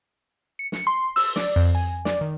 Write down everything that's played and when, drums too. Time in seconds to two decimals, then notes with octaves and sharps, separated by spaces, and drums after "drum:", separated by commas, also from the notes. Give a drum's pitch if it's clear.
0.59 C#7
0.72 drum: snare
0.87 C6
1.16 E6, drum: open hi-hat
1.36 D5, drum: snare
1.56 F2
1.75 G#5
2.05 D5, drum: snare
2.21 D#3